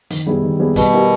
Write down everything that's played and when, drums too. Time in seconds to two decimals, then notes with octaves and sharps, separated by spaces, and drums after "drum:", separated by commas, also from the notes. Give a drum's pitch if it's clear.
0.10 D#3, drum: hi-hat
0.26 G3 B3 E4 G#4
0.43 D#3
0.59 G3 B3 E4 G#4
0.76 B2 G3, drum: kick, hi-hat
0.93 B3 E4 G4 A#4